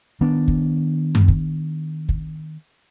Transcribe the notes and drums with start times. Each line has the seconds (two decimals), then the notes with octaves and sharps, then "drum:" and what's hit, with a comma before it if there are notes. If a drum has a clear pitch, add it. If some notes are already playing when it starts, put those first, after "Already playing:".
0.21 D#3 B3 D4
0.48 drum: kick
1.15 drum: tom F#2
1.28 drum: kick
2.09 drum: kick